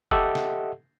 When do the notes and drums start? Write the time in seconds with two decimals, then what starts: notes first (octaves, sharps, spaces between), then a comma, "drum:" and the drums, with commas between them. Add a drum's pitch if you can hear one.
0.11 G4 A4 D#5 E5 F#5, drum: kick F1
0.35 drum: snare